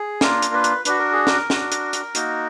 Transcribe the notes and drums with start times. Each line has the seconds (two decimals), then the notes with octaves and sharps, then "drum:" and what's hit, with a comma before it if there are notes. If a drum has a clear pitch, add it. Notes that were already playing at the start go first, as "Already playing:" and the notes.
Already playing: G#4
0.21 A#3 D4 F4 A#4, drum: snare
0.42 drum: hi-hat
0.54 B4
0.64 drum: hi-hat
0.85 D4 F#4 B4, drum: hi-hat
0.99 A#4
1.12 G#4
1.27 A#4, drum: snare
1.50 D4 F#4, drum: snare
1.72 drum: hi-hat
1.93 drum: hi-hat
2.15 A#3 D#4 F#4, drum: hi-hat